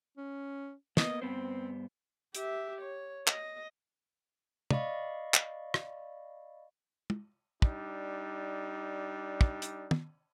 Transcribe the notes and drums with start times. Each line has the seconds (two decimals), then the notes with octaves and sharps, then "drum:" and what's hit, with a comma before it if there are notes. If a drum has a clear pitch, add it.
0.17 C#4
0.97 A#3 B3 D#5, drum: snare
1.22 G2 B3 C4 C5
2.35 G4 E5, drum: hi-hat
2.81 C#5
3.27 D#5, drum: clap
4.71 D5 D#5 F5 B5 C#6, drum: tom
5.34 drum: clap
5.74 drum: rim click
7.10 drum: tom
7.62 G3 D4 D#4, drum: kick
9.41 drum: kick
9.62 drum: hi-hat
9.91 drum: tom